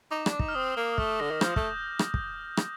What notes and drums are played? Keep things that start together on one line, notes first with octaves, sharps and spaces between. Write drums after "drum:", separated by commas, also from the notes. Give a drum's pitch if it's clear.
D#4 D6
D4, drum: rim click
D6
D#4, drum: kick
F6
C4 D#6
A#3
A3 F6, drum: kick
D3 A#6
D#3
F3 G6, drum: rim click
A3, drum: kick
drum: rim click
drum: kick
drum: rim click